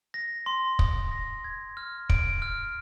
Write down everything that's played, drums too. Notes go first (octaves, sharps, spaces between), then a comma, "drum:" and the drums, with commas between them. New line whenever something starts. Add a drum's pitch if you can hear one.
A#6
C6
D#6, drum: kick
A#6
G#6
F6
D7, drum: kick
F6